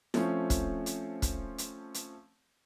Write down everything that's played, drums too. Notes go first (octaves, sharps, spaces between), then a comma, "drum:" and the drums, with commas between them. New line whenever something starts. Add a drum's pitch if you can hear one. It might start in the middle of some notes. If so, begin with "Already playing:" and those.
F3 A3 C4 C#4, drum: snare E4
drum: kick, hi-hat
drum: hi-hat
drum: kick, hi-hat
drum: hi-hat
drum: hi-hat